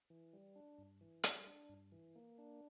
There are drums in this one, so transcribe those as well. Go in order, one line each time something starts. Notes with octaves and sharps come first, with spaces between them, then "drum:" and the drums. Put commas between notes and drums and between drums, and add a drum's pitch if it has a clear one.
E3
G3
D4
G2
E3
G3, drum: hi-hat
D4
G2
E3
A#3
D4